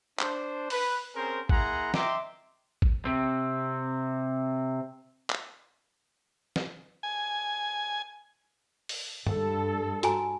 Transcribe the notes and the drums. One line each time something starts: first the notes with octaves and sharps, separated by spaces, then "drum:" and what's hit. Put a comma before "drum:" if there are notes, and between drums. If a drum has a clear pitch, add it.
D4 C5, drum: clap
B4, drum: open hi-hat
C4 C#4 G#4 A#4 C5
A#3 E4 G#4 F#5 A#5 C6, drum: kick
D#5 E5 G5 A#5 C6 D6, drum: snare
drum: kick
C3 C4
drum: clap
drum: snare
G#5
drum: open hi-hat
G2 A4, drum: tom G2
F#4 G#5 A#5, drum: hi-hat